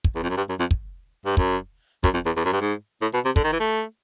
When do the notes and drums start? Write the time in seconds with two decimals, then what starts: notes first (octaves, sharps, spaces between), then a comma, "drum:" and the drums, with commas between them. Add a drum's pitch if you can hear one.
0.04 drum: kick
0.15 E2
0.23 F2
0.30 F#2
0.37 G2
0.49 F#2
0.60 F2
0.71 drum: kick
1.26 G2
1.37 F#2, drum: kick
2.04 F#2, drum: kick
2.14 F2
2.26 E2
2.37 E2
2.45 F#2
2.53 G2
2.61 G#2
3.02 A2
3.14 B2
3.25 C3
3.36 D3, drum: kick
3.44 D#3
3.53 E3
3.60 A3